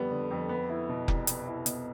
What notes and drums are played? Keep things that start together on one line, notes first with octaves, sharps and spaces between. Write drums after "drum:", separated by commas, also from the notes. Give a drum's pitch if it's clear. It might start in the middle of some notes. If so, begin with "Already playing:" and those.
Already playing: F2 D3 G3 B3
D3
F2
B3
E4
B2
C2, drum: kick F1
B3, drum: hi-hat
E4
B2, drum: hi-hat